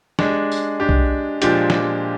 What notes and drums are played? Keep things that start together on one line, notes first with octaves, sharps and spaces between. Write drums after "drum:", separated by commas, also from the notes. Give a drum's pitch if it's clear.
G#3 D4 G4, drum: snare
drum: tambourine
G#3 D4 G4
drum: kick B1
A#2 F3 G#3 D4 G4, drum: hi-hat
drum: snare